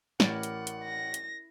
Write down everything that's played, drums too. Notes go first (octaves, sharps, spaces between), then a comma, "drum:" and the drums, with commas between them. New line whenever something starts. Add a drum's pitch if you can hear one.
A1 E4 A#4 D5 F#5, drum: snare
drum: hi-hat
drum: hi-hat
A#6
drum: hi-hat